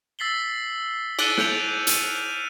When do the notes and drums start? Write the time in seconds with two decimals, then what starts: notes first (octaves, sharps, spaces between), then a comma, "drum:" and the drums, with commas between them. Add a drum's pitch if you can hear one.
0.19 E6 A6 B6 C7 F#7 G7
1.19 D6 E6 F#6 A6 C#7 D#7, drum: cymbal
1.38 F#6 G6 C#7 D7 F7, drum: snare
1.87 F6 D#7, drum: hi-hat